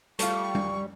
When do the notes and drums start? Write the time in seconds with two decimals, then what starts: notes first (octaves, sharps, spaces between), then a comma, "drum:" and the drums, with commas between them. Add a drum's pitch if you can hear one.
0.19 G3 A3 F4 C#6, drum: hi-hat
0.55 drum: tom G3